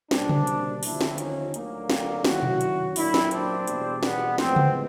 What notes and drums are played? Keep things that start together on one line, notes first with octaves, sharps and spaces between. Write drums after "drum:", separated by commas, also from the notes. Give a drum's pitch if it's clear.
B2 G3 A#3 C4 D4, drum: snare
drum: tom C#3
drum: hi-hat
D#2 D3 F3 D4 E4, drum: open hi-hat
drum: snare
C#4 D#4, drum: hi-hat
D2 D3 F#3 A#3, drum: hi-hat
drum: snare
F#2 D#3 F#3 E4 F#4, drum: snare
drum: tom B2
drum: hi-hat
A#2 F#3 A#3 D4 E4, drum: open hi-hat
drum: snare
C4 D4, drum: hi-hat
E2 B2 G3, drum: hi-hat
B3, drum: snare
A2 F3 G#3 B3 C4, drum: snare
drum: tom C#3